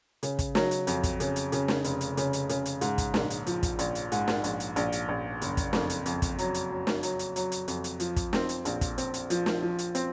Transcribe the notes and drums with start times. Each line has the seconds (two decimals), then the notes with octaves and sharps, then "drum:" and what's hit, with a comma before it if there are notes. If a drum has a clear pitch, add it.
0.23 C#3, drum: hi-hat
0.39 drum: kick, hi-hat
0.55 F#3, drum: snare
0.71 drum: hi-hat
0.87 F2, drum: hi-hat
1.03 drum: kick, hi-hat
1.20 C#3, drum: hi-hat
1.36 drum: hi-hat
1.52 C#3, drum: hi-hat
1.68 drum: snare
1.84 F1, drum: hi-hat
2.01 drum: hi-hat
2.17 C#3, drum: hi-hat
2.33 drum: hi-hat
2.49 C#3, drum: hi-hat
2.66 drum: hi-hat
2.81 G#2, drum: hi-hat
2.98 drum: kick, hi-hat
3.14 A#1, drum: snare
3.30 drum: hi-hat
3.47 F3, drum: hi-hat
3.63 drum: kick, hi-hat
3.79 A#1, drum: hi-hat
3.95 drum: hi-hat
4.12 G#2, drum: hi-hat
4.28 drum: snare
4.44 A#1, drum: hi-hat
4.60 drum: hi-hat
4.76 A#1, drum: hi-hat
4.92 drum: hi-hat
5.09 A#1
5.42 F#1, drum: hi-hat
5.57 drum: kick, hi-hat
5.73 F2, drum: snare
5.90 drum: hi-hat
6.06 F2, drum: hi-hat
6.22 drum: kick, hi-hat
6.38 F#3, drum: hi-hat
6.54 drum: hi-hat
6.71 F#3
6.87 drum: snare
7.03 F#3, drum: hi-hat
7.19 drum: hi-hat
7.36 F#3, drum: hi-hat
7.52 drum: hi-hat
7.68 F2, drum: hi-hat
7.84 drum: hi-hat
8.00 F3, drum: hi-hat
8.16 drum: kick, hi-hat
8.33 C4, drum: snare
8.49 drum: hi-hat
8.65 A#1, drum: hi-hat
8.81 drum: kick, hi-hat
8.98 C4, drum: hi-hat
9.14 drum: hi-hat
9.30 F3, drum: hi-hat
9.46 drum: snare
9.62 F3
9.79 drum: hi-hat
9.95 C4, drum: hi-hat